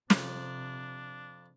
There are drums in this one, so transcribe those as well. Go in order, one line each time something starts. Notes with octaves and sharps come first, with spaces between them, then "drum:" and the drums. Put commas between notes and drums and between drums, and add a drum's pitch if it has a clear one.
F2 C3 D4, drum: snare